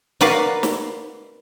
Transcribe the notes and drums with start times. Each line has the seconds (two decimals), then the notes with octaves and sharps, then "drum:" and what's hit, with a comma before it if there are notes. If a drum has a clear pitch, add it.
0.21 F#4 A#4 B4 D5 F5, drum: snare
0.63 drum: snare